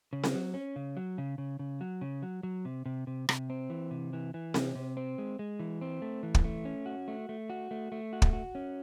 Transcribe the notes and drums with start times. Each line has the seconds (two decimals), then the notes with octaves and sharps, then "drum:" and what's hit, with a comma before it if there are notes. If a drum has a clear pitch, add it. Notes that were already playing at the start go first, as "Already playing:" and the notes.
0.13 C#3
0.24 drum: snare C4
0.34 F#3
0.54 C#4
0.76 C#3
0.97 F#3
1.18 C#3
1.38 C#3
1.59 C#3
1.81 F#3
2.01 C#3
2.23 F#3
2.43 F#3
2.65 C3
2.86 C3
3.07 C3
3.29 C3, drum: rim click
3.50 C4
3.70 E3
3.91 C3
4.13 E3
4.34 E3
4.54 C3, drum: snare C4
4.75 C3
4.97 C4
5.18 G#3
5.39 G#3
5.59 E3
5.81 C4
6.02 A3
6.23 E3
6.35 drum: kick
6.44 A3
6.65 C#4
6.86 F#4
7.08 A3
7.29 A3
7.50 F#4
7.71 A3
7.92 A3
8.13 F#4
8.22 drum: kick
8.33 F#4
8.55 C#4